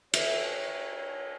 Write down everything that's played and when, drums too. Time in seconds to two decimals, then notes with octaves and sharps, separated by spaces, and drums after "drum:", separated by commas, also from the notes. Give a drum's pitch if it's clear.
0.14 C#5 E5, drum: cymbal